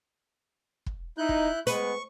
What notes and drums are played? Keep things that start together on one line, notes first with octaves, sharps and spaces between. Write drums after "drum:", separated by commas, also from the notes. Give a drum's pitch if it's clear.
drum: kick
D#4 E4 F#6 G6
drum: kick
G#3 B3 B4 C#6, drum: hi-hat